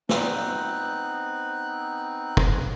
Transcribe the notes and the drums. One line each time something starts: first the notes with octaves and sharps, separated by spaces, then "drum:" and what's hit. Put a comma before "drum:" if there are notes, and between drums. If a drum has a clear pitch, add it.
B3 C4 D#4 F#6, drum: snare
drum: kick